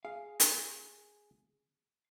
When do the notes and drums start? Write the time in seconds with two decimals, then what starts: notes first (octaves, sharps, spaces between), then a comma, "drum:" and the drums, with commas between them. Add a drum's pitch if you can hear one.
0.05 G#4 F5
0.40 drum: hi-hat